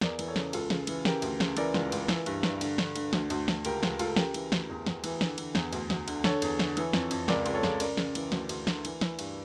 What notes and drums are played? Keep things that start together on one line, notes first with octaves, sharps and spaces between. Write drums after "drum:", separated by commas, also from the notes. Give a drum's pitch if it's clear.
E2 A#4 D5, drum: snare
E3, drum: cymbal
A4 C#5
C#3, drum: snare
C#2 F4 A4, drum: cymbal
C#3, drum: snare
E3, drum: cymbal
C#3 G4 A#4, drum: snare
D2, drum: cymbal
C#3, drum: snare
E3 A#4 D5, drum: cymbal
C#2, drum: snare
C#2, drum: cymbal
E3, drum: snare
G2, drum: cymbal
G2, drum: snare
D3, drum: cymbal
D3, drum: snare
D3, drum: cymbal
D2, drum: snare
D2, drum: cymbal
D2, drum: snare
C#2 G4 A#4, drum: cymbal
C#2, drum: snare
C#2 F4 A4, drum: cymbal
C#3 G4 A#4, drum: snare
E3, drum: cymbal
D2, drum: snare
E2
E2, drum: snare
E3, drum: cymbal
D3, drum: snare
D3, drum: cymbal
E2, drum: snare
D2, drum: cymbal
D2, drum: snare
D3, drum: cymbal
D3 A4 C#5, drum: snare
E2, drum: cymbal
D3, drum: snare
E3, drum: cymbal
F2, drum: snare
F2, drum: cymbal
C#2 A#4 D5, drum: snare
C#2, drum: cymbal
A4 C#5
C#2, drum: snare
C#3 A#4 D5, drum: cymbal
C#3, drum: snare
E3, drum: cymbal
D2, drum: snare
D2, drum: cymbal
D3, drum: snare
E3, drum: cymbal
E3, drum: snare
G2, drum: cymbal